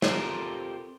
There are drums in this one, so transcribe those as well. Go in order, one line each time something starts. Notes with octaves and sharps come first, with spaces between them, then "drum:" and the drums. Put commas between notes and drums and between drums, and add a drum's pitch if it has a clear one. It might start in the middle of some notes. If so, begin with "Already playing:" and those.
C4 F4 G4 A4 A#4 C5, drum: snare